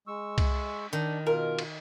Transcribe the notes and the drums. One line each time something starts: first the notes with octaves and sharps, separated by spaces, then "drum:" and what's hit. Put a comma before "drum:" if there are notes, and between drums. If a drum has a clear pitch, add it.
G#3 C#6 E6
drum: kick C2, cymbal
D#3 D4
B2 F4 A#4
drum: cymbal